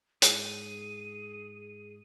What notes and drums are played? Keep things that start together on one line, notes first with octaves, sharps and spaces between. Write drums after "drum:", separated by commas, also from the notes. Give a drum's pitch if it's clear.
G#2 G#4 D#7, drum: hi-hat